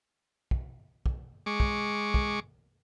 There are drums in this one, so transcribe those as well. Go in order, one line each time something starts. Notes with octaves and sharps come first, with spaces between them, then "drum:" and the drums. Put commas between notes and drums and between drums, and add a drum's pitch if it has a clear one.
drum: kick
drum: kick
G#3 C#6 D6
drum: kick
drum: kick